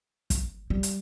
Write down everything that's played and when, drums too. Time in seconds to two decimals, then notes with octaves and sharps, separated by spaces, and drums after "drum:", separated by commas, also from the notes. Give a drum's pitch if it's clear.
0.30 drum: kick, hi-hat
0.70 G3
0.83 drum: hi-hat